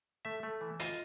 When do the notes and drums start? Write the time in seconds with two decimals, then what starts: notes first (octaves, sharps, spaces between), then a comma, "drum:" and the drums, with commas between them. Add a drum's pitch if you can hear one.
0.25 A3 E5
0.43 A3
0.61 E3
0.80 F4 D#5, drum: hi-hat